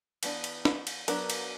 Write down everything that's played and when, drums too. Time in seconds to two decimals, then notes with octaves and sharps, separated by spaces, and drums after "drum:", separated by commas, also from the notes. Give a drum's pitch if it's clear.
0.23 E3 B3 D4, drum: cymbal
0.44 drum: cymbal
0.65 drum: snare
0.87 drum: cymbal
1.08 F#3 B3 D4 A#4, drum: cymbal
1.30 drum: cymbal